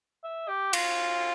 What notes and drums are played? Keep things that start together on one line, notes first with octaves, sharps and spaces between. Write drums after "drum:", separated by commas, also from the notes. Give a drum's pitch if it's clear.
E5
G4
F4, drum: cymbal